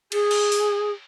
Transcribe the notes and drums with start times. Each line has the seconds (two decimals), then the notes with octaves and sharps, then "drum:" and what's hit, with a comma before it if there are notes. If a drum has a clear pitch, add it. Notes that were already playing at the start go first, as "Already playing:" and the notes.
0.12 G#4, drum: cymbal
0.31 drum: cymbal
0.52 drum: open hi-hat